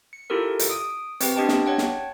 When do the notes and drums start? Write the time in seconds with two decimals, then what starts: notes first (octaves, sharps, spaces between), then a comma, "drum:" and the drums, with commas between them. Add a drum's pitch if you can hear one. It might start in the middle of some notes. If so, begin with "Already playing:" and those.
0.13 C#7
0.30 E4 F4 G4 A4 A#4
0.59 drum: hi-hat
0.70 D#6 D7
1.20 C4 G4 B4 G5, drum: hi-hat
1.36 B3 D4 G4 D#5 G5 A5
1.48 drum: snare
1.66 C#5 F#5 G5 A5
1.78 drum: snare